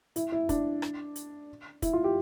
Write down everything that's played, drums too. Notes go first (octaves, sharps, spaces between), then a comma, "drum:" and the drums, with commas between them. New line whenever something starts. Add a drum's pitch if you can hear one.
E4, drum: hi-hat
E4
D4, drum: kick, hi-hat
drum: rim click
drum: hi-hat
E4, drum: kick, hi-hat
F4
G4